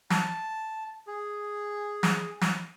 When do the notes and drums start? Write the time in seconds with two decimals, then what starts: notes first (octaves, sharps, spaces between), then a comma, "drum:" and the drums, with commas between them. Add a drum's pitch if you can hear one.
0.10 A5, drum: snare
1.07 G#4
2.03 drum: snare
2.41 drum: snare